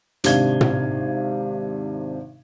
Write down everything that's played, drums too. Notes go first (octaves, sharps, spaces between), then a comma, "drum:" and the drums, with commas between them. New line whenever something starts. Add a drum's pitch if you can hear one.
G#1 C3 D4 F5 G#6 G7, drum: hi-hat
drum: tom